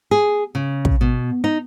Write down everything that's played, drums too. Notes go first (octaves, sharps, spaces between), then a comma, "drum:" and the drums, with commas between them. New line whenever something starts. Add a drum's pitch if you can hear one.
G#4
C#3
drum: kick
B2
D#4